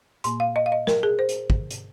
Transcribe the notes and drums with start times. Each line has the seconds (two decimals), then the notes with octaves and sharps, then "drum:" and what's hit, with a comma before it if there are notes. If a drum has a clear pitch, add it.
0.24 A#2 A#3 C6, drum: hi-hat
0.40 F5
0.56 D#5
0.66 F5
0.72 D#5
0.87 A#4, drum: snare
1.03 G#4
1.19 C5
1.29 drum: hi-hat
1.50 drum: kick
1.71 drum: hi-hat